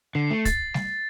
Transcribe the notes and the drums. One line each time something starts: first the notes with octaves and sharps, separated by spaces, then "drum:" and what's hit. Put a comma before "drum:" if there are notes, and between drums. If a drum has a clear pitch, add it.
D3 C7
A3 C7
A6, drum: kick, hi-hat
drum: snare G3